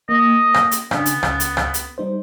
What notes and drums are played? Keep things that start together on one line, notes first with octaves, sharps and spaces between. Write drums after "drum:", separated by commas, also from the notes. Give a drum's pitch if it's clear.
A#3 D#5
drum: rim click
drum: hi-hat
C#3 B3 D4 G#5, drum: rim click
drum: hi-hat
C#2 C#3 A6, drum: rim click
drum: hi-hat
drum: rim click
drum: hi-hat
G3 D#4 C5